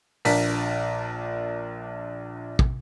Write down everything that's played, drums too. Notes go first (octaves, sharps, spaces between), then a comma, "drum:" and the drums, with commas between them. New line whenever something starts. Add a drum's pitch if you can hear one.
A#1 D4 A#4 B6, drum: open hi-hat
drum: kick